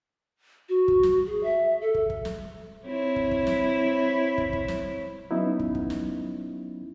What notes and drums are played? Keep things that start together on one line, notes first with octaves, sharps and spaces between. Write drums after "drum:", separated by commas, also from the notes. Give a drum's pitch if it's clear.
F#4
drum: kick
drum: snare
G#4
E5
A4
drum: kick
drum: kick
drum: snare
C4 E4 C#5
drum: kick
drum: kick
drum: snare
drum: kick
drum: kick
drum: snare
F#3 B3 C#4 D#4 E4
drum: kick
drum: kick
drum: snare